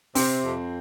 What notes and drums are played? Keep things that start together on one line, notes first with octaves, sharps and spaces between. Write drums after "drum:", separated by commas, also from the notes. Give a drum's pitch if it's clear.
C3 C4, drum: open hi-hat
F2